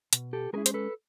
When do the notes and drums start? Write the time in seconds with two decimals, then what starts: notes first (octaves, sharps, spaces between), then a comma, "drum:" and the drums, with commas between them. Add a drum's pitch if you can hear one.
0.13 B2, drum: hi-hat
0.33 G4 A4
0.53 G#3 C#4 E4 G#4 A#4
0.66 C5, drum: hi-hat
0.74 A4 B4